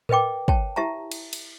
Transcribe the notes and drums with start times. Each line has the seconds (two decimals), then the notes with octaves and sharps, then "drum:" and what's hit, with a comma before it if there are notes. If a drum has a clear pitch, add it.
0.09 A#4 B4 D#5 G5 D6, drum: tom A2
0.48 C#5 G5 A5, drum: kick
0.76 E4 G4 E5 A5 A#5
1.11 drum: cymbal
1.33 drum: cymbal